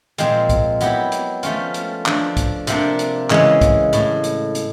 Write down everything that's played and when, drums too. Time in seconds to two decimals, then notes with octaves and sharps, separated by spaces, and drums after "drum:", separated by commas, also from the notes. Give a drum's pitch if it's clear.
0.18 A#2 F3 G#3 C4, drum: hi-hat
0.49 drum: kick, hi-hat
0.81 F#3 B3 E4 G4, drum: hi-hat
1.12 drum: hi-hat
1.43 F3 A3 C#4 F4, drum: hi-hat
1.74 drum: hi-hat
2.06 F3 A3 D4, drum: clap
2.37 drum: kick, hi-hat
2.67 C3 F3 A#3 D4, drum: hi-hat
2.99 drum: hi-hat
3.30 C#3 E3 G#3, drum: clap
3.61 drum: kick, hi-hat
3.93 A2, drum: hi-hat
4.24 drum: hi-hat
4.55 drum: hi-hat